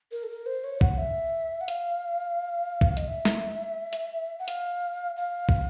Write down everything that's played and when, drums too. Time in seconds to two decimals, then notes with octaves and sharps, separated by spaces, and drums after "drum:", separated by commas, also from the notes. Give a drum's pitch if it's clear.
0.12 A#4
0.23 A4
0.28 A#4
0.46 C5
0.64 C#5
0.81 F#5, drum: kick
0.98 E5
1.61 F#5
1.68 F5, drum: hi-hat
2.81 drum: kick
2.97 D#5, drum: hi-hat
3.08 E5
3.25 drum: snare
3.93 drum: hi-hat
4.39 F#5
4.48 F5, drum: hi-hat
5.17 F5
5.49 drum: kick